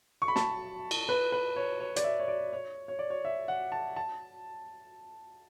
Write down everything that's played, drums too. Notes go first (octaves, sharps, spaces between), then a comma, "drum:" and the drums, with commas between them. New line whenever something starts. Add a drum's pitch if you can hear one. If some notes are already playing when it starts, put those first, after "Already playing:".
C#6
B5
A5, drum: snare
drum: cymbal
B4
B4
C#5
C#5
D5, drum: hi-hat
E5
C#5
D5
C#5
C#5
D5
C#5
E5
F#5
A5
A5